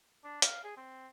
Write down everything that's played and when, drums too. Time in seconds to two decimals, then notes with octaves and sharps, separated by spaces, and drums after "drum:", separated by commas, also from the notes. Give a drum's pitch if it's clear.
0.24 D4
0.42 F5, drum: hi-hat
0.64 G#4
0.77 C4